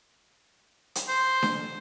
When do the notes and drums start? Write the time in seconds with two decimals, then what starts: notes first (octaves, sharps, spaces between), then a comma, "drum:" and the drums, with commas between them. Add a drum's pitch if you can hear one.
0.95 drum: hi-hat
1.08 C5
1.43 drum: snare D4